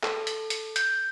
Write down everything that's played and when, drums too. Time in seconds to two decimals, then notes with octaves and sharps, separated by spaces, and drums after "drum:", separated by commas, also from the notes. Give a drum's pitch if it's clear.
0.03 A4, drum: clap
0.27 drum: hi-hat
0.50 drum: hi-hat
0.76 G6, drum: hi-hat